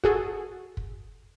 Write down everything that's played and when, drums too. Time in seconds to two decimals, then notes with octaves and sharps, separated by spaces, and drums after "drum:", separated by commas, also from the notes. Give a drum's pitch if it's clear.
0.04 F#4 G#4 A4, drum: kick
0.77 drum: kick